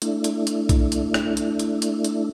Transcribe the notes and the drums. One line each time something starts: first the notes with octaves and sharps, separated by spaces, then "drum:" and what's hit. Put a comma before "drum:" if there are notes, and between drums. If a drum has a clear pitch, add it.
A3 D4 E4, drum: hi-hat
drum: hi-hat
drum: hi-hat
drum: kick, hi-hat
drum: hi-hat
drum: rim click
drum: hi-hat
drum: hi-hat
drum: hi-hat
drum: hi-hat